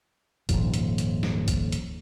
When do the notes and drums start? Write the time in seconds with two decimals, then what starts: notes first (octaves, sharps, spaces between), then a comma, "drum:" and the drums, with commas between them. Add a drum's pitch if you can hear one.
0.49 D#1 G#2 F3, drum: kick, hi-hat
0.74 drum: hi-hat
0.98 drum: hi-hat
1.23 drum: snare
1.48 drum: kick, hi-hat
1.72 drum: hi-hat